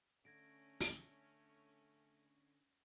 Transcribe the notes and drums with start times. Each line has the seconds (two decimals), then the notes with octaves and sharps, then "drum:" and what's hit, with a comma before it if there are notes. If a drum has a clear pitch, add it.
0.25 D3 A3 C#4 G#6 A#6 D7
0.80 drum: open hi-hat